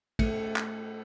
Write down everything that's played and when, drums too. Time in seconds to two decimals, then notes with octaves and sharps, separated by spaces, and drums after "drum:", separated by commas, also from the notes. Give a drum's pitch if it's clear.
0.19 A3, drum: kick, cymbal
0.56 drum: clap